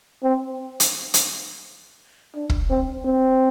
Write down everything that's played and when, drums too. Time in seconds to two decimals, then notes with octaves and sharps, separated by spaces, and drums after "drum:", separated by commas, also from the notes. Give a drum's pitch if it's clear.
0.23 C4
0.80 drum: hi-hat
1.14 drum: hi-hat
2.35 D4
2.50 drum: kick
2.70 C4
3.05 C4